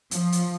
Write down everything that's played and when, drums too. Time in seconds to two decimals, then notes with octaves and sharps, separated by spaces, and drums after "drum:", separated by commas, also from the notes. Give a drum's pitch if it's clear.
0.11 F3, drum: hi-hat
0.32 drum: hi-hat